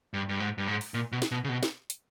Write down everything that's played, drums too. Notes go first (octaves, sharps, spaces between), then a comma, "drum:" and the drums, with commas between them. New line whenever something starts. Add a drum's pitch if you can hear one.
G2
G2
G#2
G2
G#2
drum: open hi-hat
A#2
B2
drum: snare
B2
C#3
B2
drum: snare
drum: hi-hat